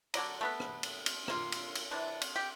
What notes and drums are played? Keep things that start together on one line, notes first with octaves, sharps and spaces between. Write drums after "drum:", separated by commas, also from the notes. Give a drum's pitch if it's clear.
D3 F#3 D5 A#5, drum: cymbal
A3 B3 B4
drum: rim click
drum: cymbal
drum: cymbal
A#3 F4, drum: rim click
drum: cymbal
drum: cymbal
C3 E3 D4
drum: cymbal
G4